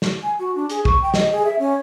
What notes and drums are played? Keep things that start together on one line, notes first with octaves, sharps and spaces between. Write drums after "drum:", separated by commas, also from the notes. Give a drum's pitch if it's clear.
drum: snare
G#5
F#4
D4
G#4, drum: hi-hat
C#6, drum: kick
G5
D#5, drum: snare
G#4
E5
C#4